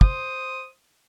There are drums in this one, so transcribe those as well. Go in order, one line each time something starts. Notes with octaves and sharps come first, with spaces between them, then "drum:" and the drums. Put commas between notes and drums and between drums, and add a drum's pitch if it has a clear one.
C5 D#6, drum: kick